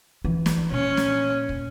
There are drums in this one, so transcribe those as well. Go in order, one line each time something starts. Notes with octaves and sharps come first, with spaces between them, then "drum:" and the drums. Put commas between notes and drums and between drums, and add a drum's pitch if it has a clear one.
E3
drum: snare
A#2 C#4
drum: snare
drum: kick